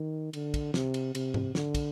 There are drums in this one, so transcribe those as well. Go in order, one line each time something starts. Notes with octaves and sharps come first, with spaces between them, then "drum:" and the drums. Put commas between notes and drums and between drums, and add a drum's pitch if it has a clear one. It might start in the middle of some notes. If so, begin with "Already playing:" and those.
Already playing: D#3
D3, drum: cymbal
drum: kick, cymbal
C3, drum: snare
drum: cymbal
C3, drum: cymbal
drum: tom G#2
D3, drum: snare
drum: kick, cymbal